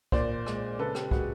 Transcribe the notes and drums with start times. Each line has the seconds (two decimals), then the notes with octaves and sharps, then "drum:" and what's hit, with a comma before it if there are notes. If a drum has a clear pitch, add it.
0.12 A#2 C5 D5, drum: kick
0.46 G#3, drum: rim click
0.79 C#3 A4 B4
0.95 G4 A4, drum: rim click
1.11 G#3 F#4 G#4, drum: kick